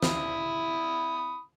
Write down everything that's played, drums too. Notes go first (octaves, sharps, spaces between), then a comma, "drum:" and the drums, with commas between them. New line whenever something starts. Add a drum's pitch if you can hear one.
E4 B5 D#6, drum: snare